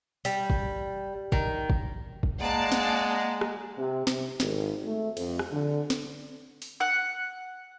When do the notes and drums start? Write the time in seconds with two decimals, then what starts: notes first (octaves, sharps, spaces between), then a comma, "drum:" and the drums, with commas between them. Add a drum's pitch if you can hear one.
0.25 G3, drum: open hi-hat
0.50 drum: kick
1.32 D#3, drum: kick
1.70 drum: kick
2.23 drum: kick
2.41 G#3 A#3 D5 F5 F#5 A5 A#5
2.72 drum: snare
3.41 drum: rim click
3.79 C3
4.07 C3, drum: snare
4.40 G#1, drum: snare
4.85 A3
5.17 F2, drum: cymbal
5.39 drum: rim click
5.51 D3
5.90 drum: snare
6.62 drum: open hi-hat
6.80 F#5